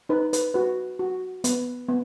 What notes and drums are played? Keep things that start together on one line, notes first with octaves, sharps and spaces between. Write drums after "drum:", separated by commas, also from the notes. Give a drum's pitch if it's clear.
D#4 B4
B4, drum: hi-hat
F#4 B4
F#4
B3 B4, drum: hi-hat
B3